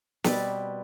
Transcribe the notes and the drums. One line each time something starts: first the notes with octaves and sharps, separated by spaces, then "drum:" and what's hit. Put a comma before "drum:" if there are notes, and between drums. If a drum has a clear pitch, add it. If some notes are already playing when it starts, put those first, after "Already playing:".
B2 G3 C4 B4 D5, drum: snare